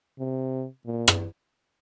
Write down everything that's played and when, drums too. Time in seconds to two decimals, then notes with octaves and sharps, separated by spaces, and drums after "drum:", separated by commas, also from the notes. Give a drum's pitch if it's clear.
0.19 C3
0.85 A#2
1.08 drum: rim click